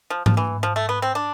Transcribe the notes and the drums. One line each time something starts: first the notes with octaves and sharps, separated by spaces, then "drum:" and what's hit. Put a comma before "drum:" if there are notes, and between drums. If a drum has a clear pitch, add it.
F3
F3, drum: tom G#2
E3
F3
A3
B3
C4
D4